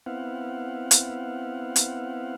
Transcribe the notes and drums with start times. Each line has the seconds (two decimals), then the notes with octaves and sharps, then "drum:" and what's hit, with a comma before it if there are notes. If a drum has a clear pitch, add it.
0.06 B3 C4 E4 F5 F#5
0.91 drum: hi-hat
1.76 drum: hi-hat